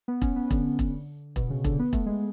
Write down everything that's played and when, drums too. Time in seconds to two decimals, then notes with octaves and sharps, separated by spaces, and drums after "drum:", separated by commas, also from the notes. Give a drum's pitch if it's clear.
0.08 B3
0.22 C#4, drum: kick E1
0.36 B3
0.51 D3, drum: kick E1
0.79 drum: kick E1
1.36 B2, drum: kick E1
1.50 C#3
1.64 D3, drum: kick E1
1.79 B3
1.93 A3, drum: kick E1
2.06 G#3